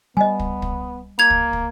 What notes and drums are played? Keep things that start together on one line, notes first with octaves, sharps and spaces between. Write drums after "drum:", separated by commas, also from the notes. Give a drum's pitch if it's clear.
G3 B3 D#5 G#5
drum: kick
drum: kick
A#3 G#6 F7
drum: kick
drum: kick